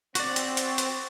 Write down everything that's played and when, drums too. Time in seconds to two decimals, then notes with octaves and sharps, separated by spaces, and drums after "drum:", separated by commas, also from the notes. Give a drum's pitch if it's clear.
0.15 C4 F#4 D5, drum: hi-hat
0.36 drum: hi-hat
0.57 drum: hi-hat
0.78 drum: hi-hat